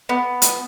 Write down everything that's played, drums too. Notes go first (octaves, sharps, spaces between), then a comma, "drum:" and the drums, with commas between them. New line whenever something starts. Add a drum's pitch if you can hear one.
B3
drum: hi-hat